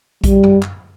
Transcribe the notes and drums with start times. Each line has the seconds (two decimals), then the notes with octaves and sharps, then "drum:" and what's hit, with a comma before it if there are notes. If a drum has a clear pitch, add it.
0.24 G3, drum: kick A#1, hi-hat
0.43 drum: tom F#2
0.63 drum: clap